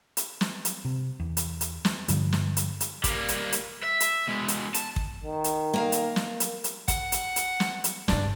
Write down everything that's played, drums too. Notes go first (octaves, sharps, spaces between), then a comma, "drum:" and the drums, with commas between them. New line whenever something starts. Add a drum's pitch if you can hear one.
drum: hi-hat
drum: snare
drum: hi-hat
C3
E2
drum: hi-hat
drum: hi-hat
drum: snare
G2 D3 F3 G3, drum: hi-hat
drum: snare
drum: hi-hat
drum: hi-hat
G3 A#3, drum: kick, hi-hat
drum: hi-hat
drum: hi-hat
E5
drum: hi-hat
B2 G#3
drum: hi-hat
A5, drum: hi-hat
drum: kick
D#3
drum: hi-hat
A#3 A#4 F5
drum: hi-hat
drum: snare
drum: hi-hat
drum: hi-hat
F#5, drum: kick, hi-hat
drum: hi-hat
drum: hi-hat
drum: snare
drum: hi-hat
G2 C#3 D4, drum: snare